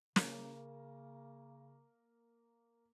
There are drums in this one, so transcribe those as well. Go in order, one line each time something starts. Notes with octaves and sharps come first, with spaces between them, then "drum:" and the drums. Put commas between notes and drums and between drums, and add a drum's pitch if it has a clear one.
C#3 A#3, drum: snare